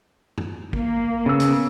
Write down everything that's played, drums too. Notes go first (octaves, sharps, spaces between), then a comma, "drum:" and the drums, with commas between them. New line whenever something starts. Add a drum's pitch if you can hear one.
drum: tom
A#3, drum: kick
C#3 B3 E6
drum: hi-hat